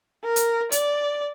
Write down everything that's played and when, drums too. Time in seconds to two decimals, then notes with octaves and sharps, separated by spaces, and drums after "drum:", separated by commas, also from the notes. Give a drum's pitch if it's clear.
0.24 A#4
0.36 drum: hi-hat
0.72 D5, drum: hi-hat